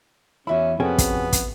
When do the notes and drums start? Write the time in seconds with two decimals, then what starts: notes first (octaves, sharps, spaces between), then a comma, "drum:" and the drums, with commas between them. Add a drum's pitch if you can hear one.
0.47 E2 C#4 E4 F#4 E5 B5
0.80 F2 C3 B3 C#4 F#4 G#4 A4 G5
0.98 drum: kick, hi-hat
1.33 drum: kick, hi-hat